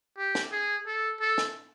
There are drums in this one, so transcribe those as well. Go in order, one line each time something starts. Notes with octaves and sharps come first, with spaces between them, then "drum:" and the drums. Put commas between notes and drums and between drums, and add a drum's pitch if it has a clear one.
G4
drum: snare
G#4
A4
A4
drum: snare